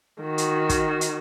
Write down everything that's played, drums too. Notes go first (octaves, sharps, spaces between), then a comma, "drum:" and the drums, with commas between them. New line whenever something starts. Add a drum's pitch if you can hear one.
D#3 F#4
drum: hi-hat
drum: kick, hi-hat
drum: hi-hat